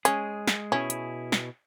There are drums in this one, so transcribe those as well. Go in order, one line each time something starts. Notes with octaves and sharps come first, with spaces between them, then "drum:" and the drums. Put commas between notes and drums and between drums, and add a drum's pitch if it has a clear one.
G#3 C#4 G#4, drum: hi-hat
drum: snare
B2 C#4 E4 G#4
drum: hi-hat
drum: snare